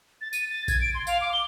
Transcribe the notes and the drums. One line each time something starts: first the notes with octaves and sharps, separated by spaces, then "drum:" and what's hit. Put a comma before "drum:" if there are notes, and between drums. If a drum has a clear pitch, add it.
A6
D#7, drum: tambourine
A6
G#6, drum: kick A#1, tambourine
D7
C6
F5, drum: tambourine
D6
G7